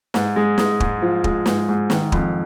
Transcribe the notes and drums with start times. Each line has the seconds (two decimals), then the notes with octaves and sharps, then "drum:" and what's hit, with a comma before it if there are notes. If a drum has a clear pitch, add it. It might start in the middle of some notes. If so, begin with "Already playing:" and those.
0.14 G#2, drum: snare
0.36 G#3
0.58 G#3, drum: snare
0.80 G#2, drum: kick
1.02 F3
1.24 G#3, drum: kick
1.46 G#2, drum: snare
1.68 G#2
1.90 D#3, drum: snare
2.12 F2, drum: kick